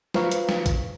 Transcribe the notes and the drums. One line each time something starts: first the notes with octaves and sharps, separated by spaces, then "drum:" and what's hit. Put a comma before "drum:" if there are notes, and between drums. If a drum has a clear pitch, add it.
F4 B4 C5 F5 A#5 C#6, drum: snare
drum: hi-hat
drum: snare
drum: kick A#1, hi-hat